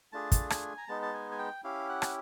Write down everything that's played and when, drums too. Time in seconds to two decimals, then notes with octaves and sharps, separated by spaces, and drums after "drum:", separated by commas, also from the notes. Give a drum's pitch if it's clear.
0.12 A3 D4 F4 G#4 A5
0.32 drum: kick, hi-hat
0.50 G#5, drum: rim click
0.78 A#5
0.88 G#3 B3 D#4 A5
1.02 A5
1.13 G#5
1.32 G#5
1.38 G5
1.64 C#4 E4 G4 F5
1.89 F#5
2.02 drum: rim click